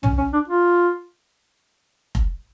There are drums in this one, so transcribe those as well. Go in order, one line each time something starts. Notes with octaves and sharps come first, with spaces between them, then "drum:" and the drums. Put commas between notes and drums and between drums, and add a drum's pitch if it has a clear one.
C#4, drum: tom
C#4
D4
F4
drum: kick F1